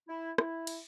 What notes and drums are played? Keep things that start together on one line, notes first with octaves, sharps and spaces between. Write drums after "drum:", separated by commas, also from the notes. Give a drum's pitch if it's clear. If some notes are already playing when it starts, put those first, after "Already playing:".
E4
E4, drum: rim click
drum: cymbal